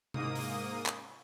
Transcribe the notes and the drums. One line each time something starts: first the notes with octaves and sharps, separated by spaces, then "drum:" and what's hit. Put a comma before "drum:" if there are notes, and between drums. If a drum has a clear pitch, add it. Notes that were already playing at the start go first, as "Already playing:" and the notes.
G#2 A#3 D#6, drum: tom C3
drum: open hi-hat
drum: clap